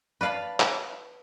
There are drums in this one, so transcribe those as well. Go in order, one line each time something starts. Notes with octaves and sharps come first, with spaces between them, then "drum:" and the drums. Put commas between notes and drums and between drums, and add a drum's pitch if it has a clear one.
B4 D5 F5 A5 B5
drum: clap